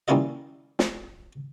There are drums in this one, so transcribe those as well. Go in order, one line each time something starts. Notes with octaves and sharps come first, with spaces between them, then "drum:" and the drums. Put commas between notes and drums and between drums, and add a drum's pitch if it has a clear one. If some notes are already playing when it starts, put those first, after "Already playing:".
G3 A#3 C#4 E4 F4 D#5
drum: snare